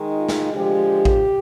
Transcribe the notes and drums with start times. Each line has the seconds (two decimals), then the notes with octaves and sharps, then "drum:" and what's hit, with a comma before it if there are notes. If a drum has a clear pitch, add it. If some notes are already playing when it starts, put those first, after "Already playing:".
Already playing: D#3 G#3 D#4
0.16 F4
0.29 drum: snare
0.53 D3 F3 G#3 G4
1.05 drum: kick A1